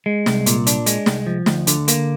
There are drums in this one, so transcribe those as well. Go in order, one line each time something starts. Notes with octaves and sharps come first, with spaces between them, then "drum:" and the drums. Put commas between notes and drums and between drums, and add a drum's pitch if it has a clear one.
G#3
C2, drum: snare
A#2, drum: hi-hat
D4, drum: hi-hat
G#3, drum: hi-hat
C2, drum: snare
F3
D2, drum: snare
D3, drum: hi-hat
A#3, drum: hi-hat